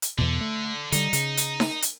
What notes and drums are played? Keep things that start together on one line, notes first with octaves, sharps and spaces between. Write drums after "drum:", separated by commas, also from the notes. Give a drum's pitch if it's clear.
drum: hi-hat
E2 B2 D3
A3
D3 G3 D#4, drum: hi-hat
C#3, drum: hi-hat
drum: hi-hat
drum: snare D#4
drum: hi-hat